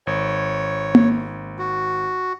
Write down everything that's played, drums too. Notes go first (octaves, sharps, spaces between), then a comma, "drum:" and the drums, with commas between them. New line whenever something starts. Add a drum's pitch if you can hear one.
G#1 C#5
drum: tom A#3
F#4